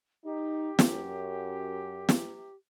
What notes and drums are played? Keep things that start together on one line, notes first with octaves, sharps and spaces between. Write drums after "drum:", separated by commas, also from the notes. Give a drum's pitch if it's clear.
D#4 G4
F#2, drum: snare
drum: snare